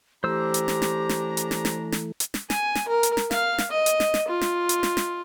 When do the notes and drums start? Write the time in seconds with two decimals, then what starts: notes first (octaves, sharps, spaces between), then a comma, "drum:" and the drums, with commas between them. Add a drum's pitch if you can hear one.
0.24 E3 A3 C#4 D4 G4 C5 A#5 E6
0.54 drum: hi-hat
0.68 drum: snare
0.82 drum: snare
1.09 drum: snare
1.37 drum: hi-hat
1.51 drum: snare
1.65 drum: snare
1.92 drum: snare
2.20 drum: hi-hat
2.34 drum: snare
2.50 G#5, drum: snare
2.75 drum: snare
2.88 A#4
3.03 drum: hi-hat
3.17 drum: snare
3.31 F5, drum: snare
3.58 drum: snare
3.71 D#5
3.86 drum: hi-hat
4.00 drum: snare
4.14 drum: snare
4.28 F4
4.41 drum: snare
4.69 drum: hi-hat
4.83 drum: snare
4.97 drum: snare